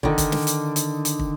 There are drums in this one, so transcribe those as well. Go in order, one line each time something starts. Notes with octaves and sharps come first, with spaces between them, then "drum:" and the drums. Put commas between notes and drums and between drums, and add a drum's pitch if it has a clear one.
D3 D#3, drum: kick
drum: kick, hi-hat
drum: snare
drum: hi-hat
drum: hi-hat
drum: hi-hat
drum: kick